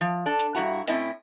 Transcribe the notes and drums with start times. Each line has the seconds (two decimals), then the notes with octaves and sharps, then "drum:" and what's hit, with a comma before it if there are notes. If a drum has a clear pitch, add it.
0.01 F3
0.26 D4 A4
0.39 drum: hi-hat
0.55 G2 B2 E4 F#4 A#5
0.88 A2 C4 C#4 E4 D#5 G5, drum: hi-hat